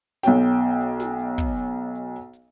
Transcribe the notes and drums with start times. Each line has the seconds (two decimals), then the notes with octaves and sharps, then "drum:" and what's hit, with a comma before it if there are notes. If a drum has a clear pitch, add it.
0.23 B1 B2 C#5 G5, drum: snare
0.42 drum: hi-hat
0.81 drum: hi-hat
1.00 drum: snare
1.19 drum: hi-hat
1.38 drum: kick
1.57 drum: hi-hat
1.95 drum: hi-hat
2.33 drum: hi-hat